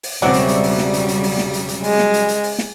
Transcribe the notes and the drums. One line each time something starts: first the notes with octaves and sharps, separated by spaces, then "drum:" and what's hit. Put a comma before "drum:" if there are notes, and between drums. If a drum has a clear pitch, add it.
drum: open hi-hat
E1 C#3 F#3 G3 C4 D5 E5 F#5
drum: hi-hat
drum: hi-hat
drum: open hi-hat
drum: snare
drum: hi-hat
drum: hi-hat
drum: open hi-hat
drum: snare
drum: hi-hat
drum: hi-hat
G#3, drum: open hi-hat
drum: snare
drum: hi-hat
drum: hi-hat
drum: open hi-hat
drum: snare